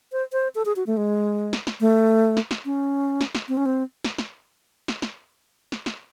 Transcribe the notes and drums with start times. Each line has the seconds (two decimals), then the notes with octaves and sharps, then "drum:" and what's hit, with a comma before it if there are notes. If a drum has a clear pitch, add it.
0.12 C5
0.32 C5
0.55 A4
0.65 G#4
0.76 F#4
0.87 A3
0.97 G#3
1.53 drum: snare
1.67 drum: snare
1.80 A3
2.37 drum: snare
2.51 drum: snare
2.65 C#4
3.21 drum: snare
3.35 drum: snare
3.48 C4
3.57 C#4
3.66 C4
4.04 drum: snare
4.18 drum: snare
4.88 drum: snare
5.02 drum: snare
5.72 drum: snare
5.86 drum: snare